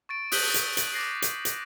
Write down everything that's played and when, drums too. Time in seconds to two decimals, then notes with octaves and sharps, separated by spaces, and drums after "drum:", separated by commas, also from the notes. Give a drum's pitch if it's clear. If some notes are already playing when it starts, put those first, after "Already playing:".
0.09 C#6 A6 D7
0.32 D#6 F#6 G6 B6 D#7 F#7, drum: open hi-hat
0.54 drum: hi-hat
0.77 drum: hi-hat
0.94 D6 A6 A#6 C7
1.22 drum: hi-hat
1.45 drum: hi-hat